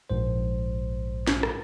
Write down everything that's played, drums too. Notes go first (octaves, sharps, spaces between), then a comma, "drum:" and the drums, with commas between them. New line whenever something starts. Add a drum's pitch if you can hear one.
A#1 G#2 C5
drum: snare
drum: rim click